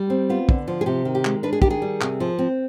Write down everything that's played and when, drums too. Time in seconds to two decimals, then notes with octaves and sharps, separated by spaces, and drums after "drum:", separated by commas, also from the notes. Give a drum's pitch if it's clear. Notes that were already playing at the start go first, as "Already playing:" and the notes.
Already playing: G3
0.10 C4
0.29 B3 F4
0.49 D3, drum: kick
0.68 F3
0.81 G#4
0.86 C3 G4
1.05 D#3
1.15 G4
1.25 G#3, drum: clap
1.43 D4 B4
1.53 G#4
1.62 D#3 G4, drum: kick
1.70 G#4
1.82 G3
2.01 C3, drum: clap
2.20 F3
2.39 C4